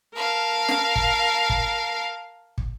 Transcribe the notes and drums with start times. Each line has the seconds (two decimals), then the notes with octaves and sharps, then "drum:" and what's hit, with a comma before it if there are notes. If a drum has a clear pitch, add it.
0.14 A#4 F5 A5
0.68 drum: snare
0.95 drum: kick
1.50 drum: kick
2.58 drum: kick